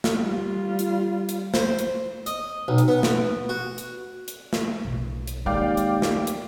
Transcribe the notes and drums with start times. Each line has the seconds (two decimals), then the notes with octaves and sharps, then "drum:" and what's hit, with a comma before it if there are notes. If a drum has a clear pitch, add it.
0.04 drum: snare
0.19 G3 F4
0.79 drum: hi-hat
1.29 drum: hi-hat
1.54 C5, drum: snare
1.79 drum: hi-hat
2.26 D#5, drum: hi-hat
2.68 B1
2.78 drum: hi-hat
2.88 B3
3.03 drum: snare
3.49 F#4
3.78 drum: hi-hat
4.28 drum: hi-hat
4.53 drum: snare
4.85 B1
5.27 drum: hi-hat
5.46 D#2 G#3 D5 F5 G5
5.77 drum: hi-hat
6.02 drum: snare
6.27 drum: hi-hat